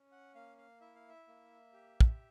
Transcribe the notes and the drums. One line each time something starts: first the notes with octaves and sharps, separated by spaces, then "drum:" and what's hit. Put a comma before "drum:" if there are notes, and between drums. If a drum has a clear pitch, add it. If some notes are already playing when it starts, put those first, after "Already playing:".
Already playing: C#4
F#5
A#3 F5
F5
E4 E5
F5
E5
A#3
G4
drum: kick